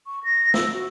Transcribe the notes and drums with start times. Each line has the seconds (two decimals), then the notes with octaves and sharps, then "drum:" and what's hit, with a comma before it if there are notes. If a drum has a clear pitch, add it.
0.07 C#6
0.24 A#6
0.54 E6, drum: snare
0.73 F#4